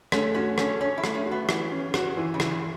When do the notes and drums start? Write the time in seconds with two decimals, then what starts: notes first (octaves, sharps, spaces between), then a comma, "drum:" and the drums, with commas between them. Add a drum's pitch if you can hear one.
0.12 A3 C#4, drum: rim click
0.35 C#4 F#4
0.58 C#4 A4, drum: rim click
0.81 C#4 C#5
0.98 E4
1.04 A3, drum: rim click
1.15 C#4
1.26 F#4
1.31 B3
1.49 E3, drum: rim click
1.72 C#4
1.94 F#4, drum: rim click
2.17 E3
2.34 C#3
2.40 E3, drum: rim click
2.51 A2